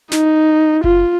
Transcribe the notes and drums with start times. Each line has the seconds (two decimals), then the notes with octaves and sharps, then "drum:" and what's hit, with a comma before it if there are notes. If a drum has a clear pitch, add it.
0.12 D#4, drum: snare
0.84 F4, drum: kick F#1